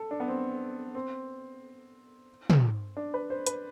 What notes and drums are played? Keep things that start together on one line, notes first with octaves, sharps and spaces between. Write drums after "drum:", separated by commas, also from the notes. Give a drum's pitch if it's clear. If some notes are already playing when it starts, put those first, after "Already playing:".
Already playing: A4
D4
B3
C4
C4
drum: tom
D4
B4
C5
B4, drum: hi-hat